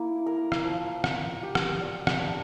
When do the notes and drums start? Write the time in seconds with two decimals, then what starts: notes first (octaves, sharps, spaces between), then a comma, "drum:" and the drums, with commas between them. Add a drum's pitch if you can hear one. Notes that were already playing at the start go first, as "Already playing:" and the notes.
Already playing: A#3 E4
0.26 A#4
0.52 drum: rim click
0.65 F3
1.04 A#4, drum: rim click
1.43 G4
1.55 drum: rim click
1.81 D5
2.07 drum: rim click
2.19 D4